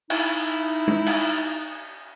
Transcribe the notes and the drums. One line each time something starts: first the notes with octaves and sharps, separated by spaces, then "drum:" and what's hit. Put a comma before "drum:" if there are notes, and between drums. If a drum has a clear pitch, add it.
D#4 E4, drum: cymbal
drum: tom G#3
drum: cymbal